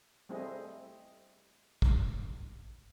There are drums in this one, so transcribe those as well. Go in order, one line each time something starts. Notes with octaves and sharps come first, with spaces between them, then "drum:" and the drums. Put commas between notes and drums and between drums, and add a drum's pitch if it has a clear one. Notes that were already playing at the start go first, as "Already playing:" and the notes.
G3 A3 C4 E4 G#4 D#5
drum: kick